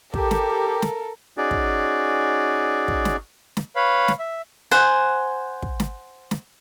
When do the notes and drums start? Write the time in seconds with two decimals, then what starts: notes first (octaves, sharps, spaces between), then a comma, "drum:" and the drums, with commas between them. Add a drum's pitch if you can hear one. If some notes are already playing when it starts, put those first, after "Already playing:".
0.14 G4 A4 A#4, drum: kick
0.31 drum: snare
0.82 drum: snare
1.37 C#4 D#4 F#4 G#4 D5
1.51 drum: kick
2.88 drum: kick
3.05 drum: snare
3.57 drum: snare
3.76 B4 C#5 F5 B5
4.08 drum: snare
4.19 E5
4.71 C5 F#5 G#5
5.62 drum: kick
5.80 drum: snare
6.31 drum: snare